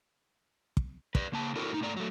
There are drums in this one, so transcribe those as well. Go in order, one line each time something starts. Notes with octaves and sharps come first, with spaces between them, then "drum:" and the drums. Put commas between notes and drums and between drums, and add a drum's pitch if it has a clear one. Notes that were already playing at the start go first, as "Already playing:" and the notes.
drum: kick
B4 D5, drum: kick
C#3 A#3 A5
C4 D4 E4 F#4 A4 A#4
A2 D#4
G#2 A3 D5 A#5
F#3 A3